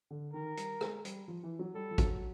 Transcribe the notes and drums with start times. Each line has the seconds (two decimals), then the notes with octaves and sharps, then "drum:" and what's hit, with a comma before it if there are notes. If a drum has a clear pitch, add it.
0.10 D3
0.33 D#3 A#4
0.57 G3, drum: hi-hat
0.81 G#3, drum: rim click
1.05 G3, drum: hi-hat
1.28 F3
1.43 E3
1.59 F#3
1.75 G3 A4
1.91 F3
1.98 F#3, drum: kick G#1, hi-hat